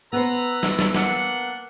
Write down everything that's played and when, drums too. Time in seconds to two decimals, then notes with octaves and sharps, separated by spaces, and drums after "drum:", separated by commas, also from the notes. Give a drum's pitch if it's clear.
0.13 B3 C#4 B4 C5 A#5 E6
0.63 drum: snare
0.79 drum: snare
0.94 A#3 D4 F#5, drum: snare